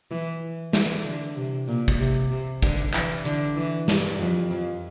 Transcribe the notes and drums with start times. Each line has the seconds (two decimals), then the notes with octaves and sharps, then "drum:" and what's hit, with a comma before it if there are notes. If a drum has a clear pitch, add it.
0.11 E3
0.73 E3, drum: snare
1.05 D3
1.37 C3
1.68 A#2
1.88 drum: kick
1.99 C3
2.31 C3
2.63 D3, drum: kick
2.94 E3, drum: clap
3.25 D3, drum: hi-hat
3.57 E3
3.88 G2, drum: snare
4.20 F2
4.51 F2